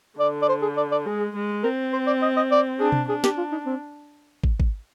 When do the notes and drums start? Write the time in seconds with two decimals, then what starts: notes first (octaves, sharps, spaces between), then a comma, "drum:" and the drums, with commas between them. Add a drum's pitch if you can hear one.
0.19 D3 D5
0.42 D5
0.49 C5
0.62 G#4
0.77 D5
0.92 D5
1.06 G#3 G#4
1.35 G#3
1.63 C4 A#4
1.93 C5
2.07 D5
2.22 D#5
2.36 D#5
2.51 D5
2.80 D4 G#4
2.92 drum: tom B2
3.09 D4 G#4
3.24 G4, drum: snare
3.37 F4
3.52 D#4
3.66 C4
4.44 drum: kick
4.60 drum: kick